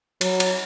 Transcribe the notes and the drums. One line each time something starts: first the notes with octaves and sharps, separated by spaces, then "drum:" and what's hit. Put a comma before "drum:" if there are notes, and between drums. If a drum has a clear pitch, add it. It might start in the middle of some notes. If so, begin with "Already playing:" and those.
F#3, drum: cymbal
drum: cymbal